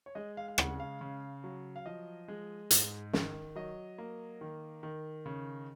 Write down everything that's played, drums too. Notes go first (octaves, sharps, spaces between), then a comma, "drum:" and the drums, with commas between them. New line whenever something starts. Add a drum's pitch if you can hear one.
C#5
G#3 D#5
F5
F5
C#3 F#5, drum: rim click
F5
C#3
F#3
F5
F3 D#5
G#3
G#2, drum: hi-hat
D#3, drum: snare
F#3 D#5
A#3
D#3
D#3
C#3